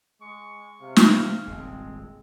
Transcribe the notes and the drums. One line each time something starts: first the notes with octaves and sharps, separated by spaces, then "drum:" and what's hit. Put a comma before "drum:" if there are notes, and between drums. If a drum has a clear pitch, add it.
G#3 C#6
C3 F5
drum: snare
D#1 G#1 C#3 G#3 C4